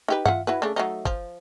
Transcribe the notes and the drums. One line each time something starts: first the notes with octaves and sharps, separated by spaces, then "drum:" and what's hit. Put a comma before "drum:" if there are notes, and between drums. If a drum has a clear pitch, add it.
D#4 G4 B4
F4 E5 F#5, drum: tom G2
E4 F#4 B4
C#3 A3 D4
F#3 A3 D#4
F3, drum: kick